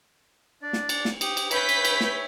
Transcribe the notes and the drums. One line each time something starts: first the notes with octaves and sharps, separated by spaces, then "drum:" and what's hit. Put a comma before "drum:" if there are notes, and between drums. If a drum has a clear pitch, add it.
D4 D5
drum: snare
drum: cymbal
drum: snare
G4 D#6, drum: cymbal
drum: cymbal
B4 C#5 E5 G6 B6, drum: cymbal
drum: cymbal
drum: cymbal
drum: snare